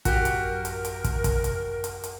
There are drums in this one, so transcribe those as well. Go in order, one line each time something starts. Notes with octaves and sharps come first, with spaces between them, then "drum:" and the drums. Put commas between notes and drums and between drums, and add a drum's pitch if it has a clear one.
A1 F#2 F#4 G4 A#4, drum: kick, hi-hat
drum: hi-hat
drum: hi-hat
drum: hi-hat
drum: kick, hi-hat
drum: kick, hi-hat
drum: hi-hat
drum: hi-hat
drum: hi-hat